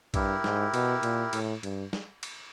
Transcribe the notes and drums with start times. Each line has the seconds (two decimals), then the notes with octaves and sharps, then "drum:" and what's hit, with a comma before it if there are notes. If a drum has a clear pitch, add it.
0.14 G2 E4 G4 A#4, drum: kick, cymbal
0.44 G#2, drum: snare
0.74 B2, drum: cymbal
1.03 A#2, drum: cymbal
1.33 A2, drum: cymbal
1.63 G2, drum: cymbal
1.93 drum: snare
2.23 drum: cymbal